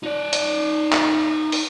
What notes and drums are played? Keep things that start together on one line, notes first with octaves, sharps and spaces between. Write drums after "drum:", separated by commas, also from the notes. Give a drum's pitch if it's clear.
D#4 D5
drum: hi-hat
drum: clap
drum: open hi-hat